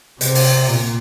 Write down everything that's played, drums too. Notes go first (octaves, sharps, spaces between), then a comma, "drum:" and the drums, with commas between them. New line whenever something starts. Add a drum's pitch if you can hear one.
C3, drum: hi-hat
drum: open hi-hat
A#2